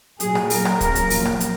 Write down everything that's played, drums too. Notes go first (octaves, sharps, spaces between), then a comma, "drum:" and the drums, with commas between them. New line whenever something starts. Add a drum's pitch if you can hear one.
A#2 F#3 G#4, drum: hi-hat
drum: rim click
A#2 F#3 A#4, drum: open hi-hat
drum: rim click
C#3 F#3, drum: kick, hi-hat
drum: hi-hat
A#2 F3, drum: open hi-hat
drum: rim click
drum: hi-hat